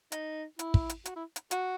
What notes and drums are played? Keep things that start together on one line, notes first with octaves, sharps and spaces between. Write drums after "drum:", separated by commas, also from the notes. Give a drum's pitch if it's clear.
D#4, drum: hi-hat
E4, drum: hi-hat
drum: kick
drum: hi-hat
F#4, drum: hi-hat
E4
drum: hi-hat
F#4, drum: hi-hat